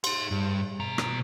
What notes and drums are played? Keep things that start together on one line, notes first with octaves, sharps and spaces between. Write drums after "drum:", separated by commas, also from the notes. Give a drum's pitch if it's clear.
D#4 C6, drum: cymbal
G2
B2 A#5
drum: rim click